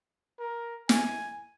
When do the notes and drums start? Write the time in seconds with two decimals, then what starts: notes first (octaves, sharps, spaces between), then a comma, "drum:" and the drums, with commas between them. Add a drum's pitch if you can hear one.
0.39 A#4
0.89 G#5, drum: snare